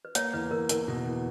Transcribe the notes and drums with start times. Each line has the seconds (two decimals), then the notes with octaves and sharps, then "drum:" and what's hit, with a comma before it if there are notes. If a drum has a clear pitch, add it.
0.05 B4
0.15 A#3 C#5, drum: hi-hat
0.34 E2 B4
0.51 E2 A#4
0.69 E2 A#4, drum: hi-hat
0.88 B2
1.06 E2